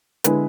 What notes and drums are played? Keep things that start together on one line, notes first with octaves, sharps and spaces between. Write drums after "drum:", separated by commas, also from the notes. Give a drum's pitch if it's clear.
D3 G#3 B3 E4 B4, drum: hi-hat